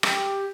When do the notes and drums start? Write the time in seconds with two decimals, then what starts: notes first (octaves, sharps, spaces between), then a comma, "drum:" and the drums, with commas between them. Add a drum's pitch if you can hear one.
0.03 G4, drum: rim click